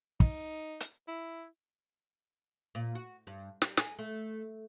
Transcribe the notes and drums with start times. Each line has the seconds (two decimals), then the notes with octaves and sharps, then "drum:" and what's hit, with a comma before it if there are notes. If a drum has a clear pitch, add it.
0.20 D#4, drum: kick
0.80 drum: hi-hat
1.08 E4
2.75 A#2
2.95 F#4
3.27 G2
3.62 G3, drum: snare
3.77 G#4, drum: snare
3.99 A3